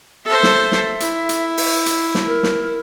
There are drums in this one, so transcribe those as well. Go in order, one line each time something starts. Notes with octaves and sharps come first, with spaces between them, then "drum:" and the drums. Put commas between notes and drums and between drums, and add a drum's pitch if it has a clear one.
A4 C5 E5
drum: snare
drum: snare
E4, drum: hi-hat
drum: hi-hat
drum: open hi-hat
drum: hi-hat
drum: snare
A#4
drum: snare